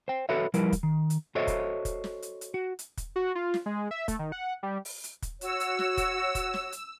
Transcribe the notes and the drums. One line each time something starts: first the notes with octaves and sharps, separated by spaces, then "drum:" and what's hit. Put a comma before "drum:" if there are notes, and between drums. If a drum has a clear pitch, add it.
C5 G5
F#4 A4 B4 C#5 E5
F3 G3 E4 A#4 B4, drum: hi-hat
drum: kick, hi-hat
D#3
drum: hi-hat
F#4 A4 C5 C#5 D#5 E5
drum: kick, hi-hat
drum: kick, hi-hat
drum: snare
drum: hi-hat
drum: hi-hat
F#4
drum: hi-hat
drum: kick, hi-hat
F#4
F4
drum: snare
G#3
E5
A3, drum: kick, hi-hat
D#3
F#5
G3
drum: open hi-hat
drum: hi-hat
drum: kick, hi-hat
F#4 C#5 E6, drum: hi-hat
drum: hi-hat
drum: snare
drum: kick, hi-hat
drum: kick, hi-hat
drum: snare
drum: hi-hat